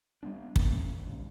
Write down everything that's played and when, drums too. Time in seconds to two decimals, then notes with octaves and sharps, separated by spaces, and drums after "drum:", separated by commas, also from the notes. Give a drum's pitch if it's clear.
0.23 G3 G#3 B3 D4
0.56 E3 A#3 C4 C#4, drum: kick
0.76 A#1 C#3
0.97 A#1 D#2 G#2